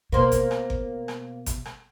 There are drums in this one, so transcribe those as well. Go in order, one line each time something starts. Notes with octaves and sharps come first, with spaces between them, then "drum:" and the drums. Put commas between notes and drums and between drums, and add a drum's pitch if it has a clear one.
B2 A#3 C5
drum: kick G1, hi-hat
drum: rim click
drum: kick G1
drum: rim click
drum: kick G1, hi-hat
drum: rim click